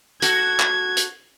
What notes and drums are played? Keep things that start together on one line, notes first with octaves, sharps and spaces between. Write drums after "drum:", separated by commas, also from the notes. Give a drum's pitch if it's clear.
F#4 A4 G#6, drum: hi-hat
drum: clap
drum: hi-hat